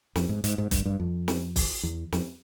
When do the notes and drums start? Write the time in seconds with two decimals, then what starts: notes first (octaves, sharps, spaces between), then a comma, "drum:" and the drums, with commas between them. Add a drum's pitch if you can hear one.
0.15 F2, drum: snare
0.29 G#2
0.44 G#2, drum: hi-hat
0.58 G#2
0.71 G2, drum: kick, hi-hat
0.85 G2
1.00 F2
1.28 drum: snare
1.56 drum: kick, open hi-hat
1.83 E2
2.12 F2, drum: snare